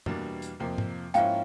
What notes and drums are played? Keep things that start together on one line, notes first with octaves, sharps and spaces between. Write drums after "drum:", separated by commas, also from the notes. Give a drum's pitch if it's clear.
E2 B2 G3 A#3 D4, drum: tom F#2
drum: hi-hat
F2 C3 F3 A#3
drum: tom G#2
G#2 F3 A#3 C#4 E4 F5 G5, drum: hi-hat